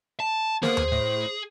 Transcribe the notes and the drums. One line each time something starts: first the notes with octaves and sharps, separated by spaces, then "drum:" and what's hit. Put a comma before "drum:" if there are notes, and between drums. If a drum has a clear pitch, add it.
A5
A#3 B3 G#4 C5, drum: snare
drum: tom D#2
A2